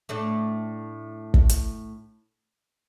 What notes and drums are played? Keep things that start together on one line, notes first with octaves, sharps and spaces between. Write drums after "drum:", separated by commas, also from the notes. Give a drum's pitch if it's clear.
A2 A3 D4
drum: kick
drum: hi-hat